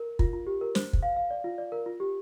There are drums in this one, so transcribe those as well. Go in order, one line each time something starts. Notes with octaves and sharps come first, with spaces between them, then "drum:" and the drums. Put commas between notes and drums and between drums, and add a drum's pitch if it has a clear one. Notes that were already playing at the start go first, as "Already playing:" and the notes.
Already playing: A#4
F4, drum: kick
F4
G4
A#4
C5, drum: snare
drum: kick
F5
F5
D5
F4
D5
A#4
F4
G4